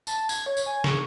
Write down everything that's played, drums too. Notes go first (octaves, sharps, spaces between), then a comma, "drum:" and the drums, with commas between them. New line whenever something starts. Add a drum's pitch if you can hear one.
A5, drum: tambourine
G#6, drum: tambourine
C#5
drum: tambourine
G#5
C#6, drum: snare